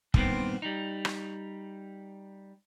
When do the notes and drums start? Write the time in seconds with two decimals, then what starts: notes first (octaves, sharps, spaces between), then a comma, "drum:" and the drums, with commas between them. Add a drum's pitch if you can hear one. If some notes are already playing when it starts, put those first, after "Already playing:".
0.14 G2 A#2 D#3 B3 C4, drum: kick
0.62 G3 D#4
1.05 drum: rim click